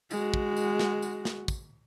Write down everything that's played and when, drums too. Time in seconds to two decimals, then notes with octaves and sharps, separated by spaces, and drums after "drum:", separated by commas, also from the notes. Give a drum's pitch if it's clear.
0.11 G#3 F#4, drum: tambourine
0.34 drum: kick
0.57 drum: tambourine
0.79 drum: snare
1.02 drum: tambourine
1.25 drum: snare
1.48 drum: kick, tambourine